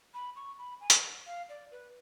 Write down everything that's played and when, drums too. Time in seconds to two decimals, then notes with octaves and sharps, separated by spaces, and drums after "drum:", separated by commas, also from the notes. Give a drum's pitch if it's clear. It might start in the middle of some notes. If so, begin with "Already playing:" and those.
0.14 B5
0.36 C#6
0.58 B5
0.81 G#5
0.90 drum: hi-hat
1.26 F5
1.49 D5
1.71 B4